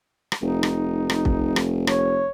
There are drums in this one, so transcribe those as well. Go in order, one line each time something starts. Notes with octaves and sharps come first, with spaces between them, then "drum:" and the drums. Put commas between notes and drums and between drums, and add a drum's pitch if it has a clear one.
drum: rim click
F1 D#4
drum: rim click
drum: rim click
drum: kick
drum: rim click
C#5, drum: rim click